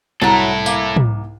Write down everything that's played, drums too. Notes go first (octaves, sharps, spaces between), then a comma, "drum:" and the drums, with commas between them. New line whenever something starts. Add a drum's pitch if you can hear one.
C2 F#3 E4 A4 A#5 A6
A#3, drum: tambourine
drum: tom